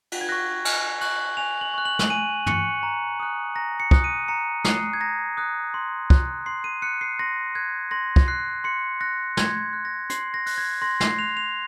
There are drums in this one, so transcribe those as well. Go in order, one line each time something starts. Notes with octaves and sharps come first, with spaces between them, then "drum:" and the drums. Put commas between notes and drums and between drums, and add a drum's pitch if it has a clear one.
drum: cymbal
G#6
C#6 F#6 A#6
G#5, drum: cymbal
C#6 F#6 F#7, drum: cymbal
G#5 F7
F#7
C#6 F#6
F#7
drum: snare
G#5 D#7
C#6 F#6 C#7, drum: tom
A#5
D#6 F#6
A#5 A#6
C#7
D#6 F#6, drum: kick
D#7
A#5 C#7
D#6 F#6 C7, drum: snare
G#6
A#5 A#6
D#6 F#6
C6
F#6, drum: kick
C6 C7
D#7
F#6 C#7
C7
C6 A#6
F#6 G#6
C6 A#6
drum: kick
F#6 C7
C6 C#7
F#6 A#6
C6 G#6, drum: snare
F#6
A#6
C6 C7, drum: hi-hat
A#6
F#6, drum: open hi-hat
G#6
C6 A#6
C7, drum: snare
F#6 F7
F7